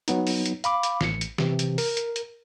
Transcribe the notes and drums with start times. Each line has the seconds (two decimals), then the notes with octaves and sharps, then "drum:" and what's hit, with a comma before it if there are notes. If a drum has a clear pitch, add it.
0.08 F#3 B3 D#4, drum: hi-hat
0.27 drum: open hi-hat
0.46 drum: hi-hat
0.64 F5 B5 D6, drum: hi-hat
0.83 drum: hi-hat
1.01 A1 C#7, drum: snare
1.21 drum: hi-hat
1.38 C3 E3, drum: snare
1.59 drum: hi-hat
1.78 A#4, drum: open hi-hat
1.97 drum: hi-hat
2.16 drum: hi-hat